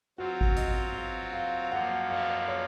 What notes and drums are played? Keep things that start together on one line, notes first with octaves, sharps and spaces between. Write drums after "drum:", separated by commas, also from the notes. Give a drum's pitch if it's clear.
F#3 C4 F4 F#4
drum: kick G#1
D#5, drum: hi-hat
F5
F5
F#2 F3 A#3 F#5
F5, drum: cymbal
C#5